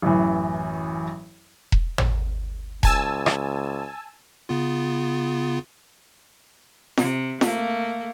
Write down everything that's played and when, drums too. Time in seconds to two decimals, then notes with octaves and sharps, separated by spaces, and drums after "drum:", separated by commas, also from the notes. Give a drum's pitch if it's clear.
0.02 A1 F#2 E3
1.72 drum: kick E1
1.98 drum: tom
2.83 C#2 G#5 A5 E6, drum: kick E1
3.26 drum: rim click
4.49 C#3 B3 F4
6.97 C3, drum: snare
7.41 A3 A#3, drum: snare